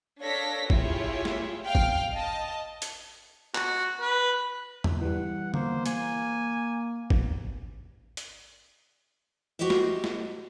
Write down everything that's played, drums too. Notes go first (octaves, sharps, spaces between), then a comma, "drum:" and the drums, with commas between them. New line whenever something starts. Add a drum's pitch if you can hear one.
D4 A4 C#5 F5 A#6 B6
E4 F4 G4 G#4 C#5 E5, drum: kick
drum: snare
F5 G5 F6
drum: kick
D#5 A5
drum: hi-hat
F#4, drum: clap
B4
drum: tom E2
E3 G3 F#5
A#3 C5, drum: tom D3
A#3 G#5, drum: hi-hat
drum: kick
drum: hi-hat
F#4 G4 C5 D#5 E5
drum: snare
drum: snare